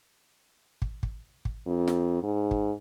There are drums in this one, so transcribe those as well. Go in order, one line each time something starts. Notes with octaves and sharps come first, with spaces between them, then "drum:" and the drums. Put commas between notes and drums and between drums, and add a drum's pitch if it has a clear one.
drum: kick
drum: kick
drum: kick
F2
drum: snare
G#2
drum: kick